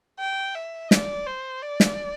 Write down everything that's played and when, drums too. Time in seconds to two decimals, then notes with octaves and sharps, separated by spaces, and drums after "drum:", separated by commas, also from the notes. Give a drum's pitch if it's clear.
0.19 G5
0.55 E5
0.91 D5, drum: snare
1.27 C5
1.62 D5
1.80 drum: snare